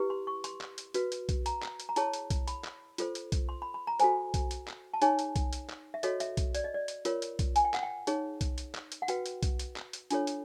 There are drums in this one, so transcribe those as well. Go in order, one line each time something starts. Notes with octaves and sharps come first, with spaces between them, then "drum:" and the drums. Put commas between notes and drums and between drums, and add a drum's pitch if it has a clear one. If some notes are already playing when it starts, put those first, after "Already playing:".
Already playing: E4 G4 B4
C6
C#6
C6, drum: hi-hat
drum: clap
drum: hi-hat
F#4 B4, drum: hi-hat
drum: hi-hat
drum: kick B1, hi-hat
A#5, drum: hi-hat
drum: clap
drum: hi-hat
A#5
E4 G#4 C#5 A5, drum: hi-hat
drum: hi-hat
drum: kick B1, hi-hat
B5, drum: hi-hat
drum: clap
F4 A4 C5, drum: hi-hat
drum: hi-hat
drum: kick B1, hi-hat
C6
B5
B5
A#5
F#4 A4 C5 G#5, drum: hi-hat
drum: kick B1, hi-hat
drum: hi-hat
drum: clap
A5
D#4 G#4 C#5 G#5, drum: hi-hat
drum: hi-hat
drum: kick B1, hi-hat
drum: hi-hat
drum: clap
E5
F#4 A4 C#5 D#5, drum: hi-hat
E5, drum: hi-hat
drum: kick B1, hi-hat
D5, drum: hi-hat
D#5
D5
drum: hi-hat
F4 A#4 C#5, drum: hi-hat
drum: hi-hat
drum: kick B1, hi-hat
G#5, drum: hi-hat
G5
F#5, drum: clap
G5
D#4 G#4 C#5, drum: hi-hat
drum: kick B1, hi-hat
drum: hi-hat
drum: clap
drum: hi-hat
F#5
F#4 B4 G5, drum: hi-hat
drum: hi-hat
drum: kick B1, hi-hat
drum: hi-hat
drum: clap
drum: hi-hat
D4 F4 A4 C#5, drum: hi-hat
drum: hi-hat